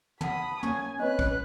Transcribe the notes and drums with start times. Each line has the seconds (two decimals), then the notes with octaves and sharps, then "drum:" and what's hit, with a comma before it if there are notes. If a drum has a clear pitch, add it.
0.21 F#5 A5 B5 D#6, drum: tom
0.63 A#3 C#4 G#5 C#6, drum: tom
1.00 C4 C#4 B4 C#5 D#5 F#6
1.19 drum: kick